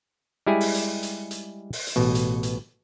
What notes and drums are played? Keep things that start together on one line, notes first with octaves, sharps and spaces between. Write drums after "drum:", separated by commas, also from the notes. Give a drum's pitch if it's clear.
G3 G#3 E4 G4 G#4 G#5
drum: open hi-hat
drum: hi-hat
drum: hi-hat
drum: hi-hat
drum: open hi-hat
drum: hi-hat
A1 B2
drum: hi-hat
drum: hi-hat